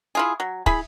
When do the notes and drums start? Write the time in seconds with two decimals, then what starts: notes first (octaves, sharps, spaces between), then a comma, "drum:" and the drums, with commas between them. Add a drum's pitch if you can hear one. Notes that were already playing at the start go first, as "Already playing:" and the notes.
0.15 E4 F4 G#4
0.40 F#3
0.66 E4 G#4 B5, drum: kick